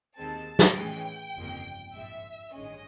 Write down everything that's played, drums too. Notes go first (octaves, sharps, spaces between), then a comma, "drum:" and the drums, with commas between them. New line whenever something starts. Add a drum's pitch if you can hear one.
D#2 D#3 G#3 C4 A5
drum: snare
A2 E3 G#3 C#4 G5
G1 F2 C#3 F3 A#3
A#1 G#2 F3 E5
A1 G2 D#3 G#3 C#4 D#5